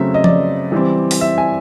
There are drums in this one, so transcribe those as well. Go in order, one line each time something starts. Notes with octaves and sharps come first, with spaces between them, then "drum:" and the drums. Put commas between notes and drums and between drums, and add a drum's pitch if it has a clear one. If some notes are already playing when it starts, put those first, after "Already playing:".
Already playing: C#3 F#3 A3 C4 E5
D#5
D5, drum: tom F3
E3 G3 C4
drum: open hi-hat
E5
G#5